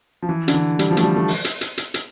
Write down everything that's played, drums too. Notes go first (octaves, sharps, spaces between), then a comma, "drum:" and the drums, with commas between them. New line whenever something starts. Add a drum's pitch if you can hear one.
F3
E3
D3, drum: hi-hat
E3
G3, drum: hi-hat
F3
A3, drum: hi-hat
G3
A3
drum: open hi-hat
drum: hi-hat
drum: hi-hat
drum: hi-hat
drum: hi-hat